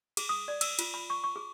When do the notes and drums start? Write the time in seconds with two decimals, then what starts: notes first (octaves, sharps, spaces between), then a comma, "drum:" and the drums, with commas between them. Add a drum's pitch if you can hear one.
0.17 G#4, drum: cymbal
0.29 D#6
0.48 D5
0.61 E6, drum: cymbal
0.79 F4, drum: cymbal
0.94 B5
1.10 C#6
1.24 C#6
1.36 G#4